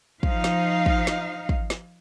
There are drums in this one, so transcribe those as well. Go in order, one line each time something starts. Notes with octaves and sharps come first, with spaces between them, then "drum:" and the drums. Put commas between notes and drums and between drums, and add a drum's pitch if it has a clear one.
F3 D#4 F5, drum: kick
drum: snare
drum: kick
drum: snare
drum: kick
drum: snare